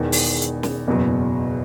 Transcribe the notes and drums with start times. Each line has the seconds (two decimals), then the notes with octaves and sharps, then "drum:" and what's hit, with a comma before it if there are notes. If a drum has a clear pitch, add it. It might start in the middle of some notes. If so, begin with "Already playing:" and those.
Already playing: E1 E2 D#3
0.12 drum: open hi-hat
0.42 drum: hi-hat
0.63 drum: snare
0.87 F#1 E2 B2 F#3